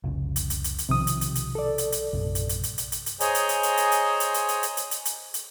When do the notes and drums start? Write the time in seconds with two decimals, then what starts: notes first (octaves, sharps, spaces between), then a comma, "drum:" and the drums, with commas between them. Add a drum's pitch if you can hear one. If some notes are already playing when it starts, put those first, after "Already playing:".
0.04 F1 C2 C#3
0.36 drum: hi-hat
0.50 drum: hi-hat
0.64 drum: hi-hat
0.78 drum: hi-hat
0.89 B1 C3 D#3 F3 D#6
1.07 drum: hi-hat
1.21 drum: hi-hat
1.35 drum: hi-hat
1.55 A4 D5
1.78 drum: hi-hat
1.92 drum: hi-hat
2.13 A#1 F#2 C3
2.35 drum: hi-hat
2.49 drum: hi-hat
2.63 drum: hi-hat
2.78 drum: hi-hat
2.92 drum: hi-hat
3.06 drum: hi-hat
3.20 G#4 C5 C#5 D#5 G#5 A#5, drum: hi-hat
3.35 drum: hi-hat
3.49 drum: hi-hat
3.63 drum: hi-hat
3.77 drum: hi-hat
3.92 drum: hi-hat
4.20 drum: hi-hat
4.34 drum: hi-hat
4.48 drum: hi-hat
4.63 drum: hi-hat
4.77 drum: hi-hat
4.91 drum: hi-hat
5.05 drum: hi-hat
5.34 drum: hi-hat